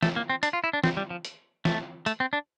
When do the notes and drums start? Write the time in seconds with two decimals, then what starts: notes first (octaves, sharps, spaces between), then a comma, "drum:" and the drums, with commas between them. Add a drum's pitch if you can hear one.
0.03 A3, drum: snare
0.16 A#3
0.30 C4
0.43 D4, drum: hi-hat
0.53 F4
0.64 E4
0.73 D4
0.84 C4, drum: snare
0.97 G3
1.10 F3
1.25 drum: hi-hat
1.65 A3, drum: snare
2.06 A3, drum: hi-hat
2.20 C4
2.33 D4